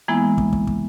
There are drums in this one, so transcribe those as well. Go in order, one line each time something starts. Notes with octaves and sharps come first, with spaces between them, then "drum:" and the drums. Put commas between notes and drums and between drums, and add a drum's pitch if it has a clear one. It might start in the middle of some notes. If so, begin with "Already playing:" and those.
E3 G#3 A#3 B3 E4
drum: kick
drum: kick
drum: kick